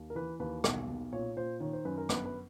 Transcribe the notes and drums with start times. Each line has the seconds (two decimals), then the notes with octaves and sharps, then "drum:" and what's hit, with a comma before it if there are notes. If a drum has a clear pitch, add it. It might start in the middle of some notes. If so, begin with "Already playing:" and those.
Already playing: D#2
0.10 A#4
0.15 E3 B4
0.39 D#2 B4
0.64 B1, drum: rim click
0.88 B1
1.12 A#2 C#5
1.37 A#2 C5
1.60 D#3 C#5
1.73 C5
1.85 F#2 B4
1.98 A#4
2.09 G1 B4, drum: rim click
2.26 B4